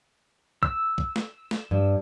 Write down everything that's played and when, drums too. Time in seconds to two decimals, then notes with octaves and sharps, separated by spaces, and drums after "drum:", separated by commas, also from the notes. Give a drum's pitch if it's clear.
0.63 E6, drum: kick
0.98 drum: kick
1.16 drum: snare
1.51 drum: snare
1.71 G2